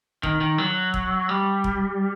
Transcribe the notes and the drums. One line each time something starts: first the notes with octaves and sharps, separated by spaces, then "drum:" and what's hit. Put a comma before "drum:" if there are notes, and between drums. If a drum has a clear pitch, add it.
D#3, drum: kick E1
D#3
F#3
drum: kick E1
G3
drum: kick E1